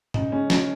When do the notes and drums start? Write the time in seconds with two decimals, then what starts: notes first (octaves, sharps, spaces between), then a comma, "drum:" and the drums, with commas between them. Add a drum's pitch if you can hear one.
0.14 C#3 D#4, drum: tom
0.32 G#3 C#4
0.50 C#3, drum: snare